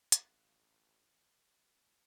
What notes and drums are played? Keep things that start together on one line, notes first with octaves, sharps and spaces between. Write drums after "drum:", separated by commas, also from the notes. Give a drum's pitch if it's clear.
A1 F5 F#6, drum: hi-hat